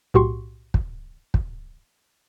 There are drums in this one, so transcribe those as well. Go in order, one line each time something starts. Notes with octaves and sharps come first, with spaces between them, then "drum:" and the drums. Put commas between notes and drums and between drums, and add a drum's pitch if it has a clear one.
B1 A2 F#4 G4 C6 C#6
drum: kick
drum: kick